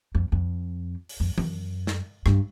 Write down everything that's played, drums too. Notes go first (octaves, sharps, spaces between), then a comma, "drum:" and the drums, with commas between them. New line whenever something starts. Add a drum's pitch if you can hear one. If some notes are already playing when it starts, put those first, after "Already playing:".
F2
F2
drum: open hi-hat
F2
F#2, drum: tom E3
drum: snare
G2, drum: rim click